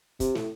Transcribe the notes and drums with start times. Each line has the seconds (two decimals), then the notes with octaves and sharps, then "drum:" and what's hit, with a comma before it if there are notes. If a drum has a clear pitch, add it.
0.20 C3, drum: kick, hi-hat
0.35 A2, drum: snare